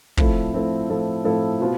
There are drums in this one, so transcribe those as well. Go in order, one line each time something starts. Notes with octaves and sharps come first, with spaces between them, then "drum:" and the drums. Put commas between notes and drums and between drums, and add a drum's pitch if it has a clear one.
A2 F3 C4 E4 A4, drum: kick
A2 F3 C4 E4 A4
A2 F3 C4 E4 A4
A2 F3 C4 E4 A4
B2 B3 F4 C5